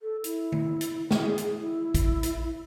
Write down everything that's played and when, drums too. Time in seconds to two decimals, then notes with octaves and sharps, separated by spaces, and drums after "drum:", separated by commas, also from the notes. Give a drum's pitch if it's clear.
0.01 A4
0.24 E4, drum: hi-hat
0.52 drum: tom D#3
0.81 drum: hi-hat
1.11 G#4, drum: snare
1.38 drum: hi-hat
1.58 E4
1.94 drum: kick A1, hi-hat
2.23 drum: hi-hat